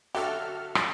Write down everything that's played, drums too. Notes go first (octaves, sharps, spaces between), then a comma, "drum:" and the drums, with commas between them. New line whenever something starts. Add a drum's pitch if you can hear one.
D3 F#3 F#4 G4 A4 E5 F6
drum: rim click